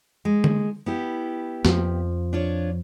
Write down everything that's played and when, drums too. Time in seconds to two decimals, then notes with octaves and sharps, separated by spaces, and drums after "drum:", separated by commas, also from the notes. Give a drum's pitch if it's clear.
0.25 G#3
0.44 drum: tom D3
0.86 B3 E4 G4
1.65 F2 F3, drum: snare
2.33 D4 F4 C#5